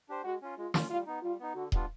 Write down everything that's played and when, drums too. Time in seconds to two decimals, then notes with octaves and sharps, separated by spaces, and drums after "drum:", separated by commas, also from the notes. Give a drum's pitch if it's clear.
0.09 D4 G4 C5
0.24 G#3 F#4
0.42 C#4 F4
0.58 G#3 F4
0.74 C#4 F4, drum: snare
0.90 G3 F4
1.06 B3 D#4
1.23 G3 F4
1.40 B3 D#4
1.55 D3 F#4
1.72 G3 B3 D4 F4, drum: kick D#1